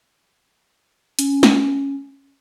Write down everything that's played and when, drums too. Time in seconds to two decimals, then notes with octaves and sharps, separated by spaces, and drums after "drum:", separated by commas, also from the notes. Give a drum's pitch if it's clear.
1.19 C#4, drum: hi-hat
1.43 drum: snare